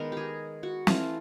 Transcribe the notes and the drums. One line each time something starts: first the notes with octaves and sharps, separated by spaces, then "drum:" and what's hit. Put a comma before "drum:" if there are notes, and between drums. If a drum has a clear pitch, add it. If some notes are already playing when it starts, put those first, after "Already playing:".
Already playing: D#3 G#3 B3 A#4
G4 G#4
F#4
E3 A3 F4, drum: snare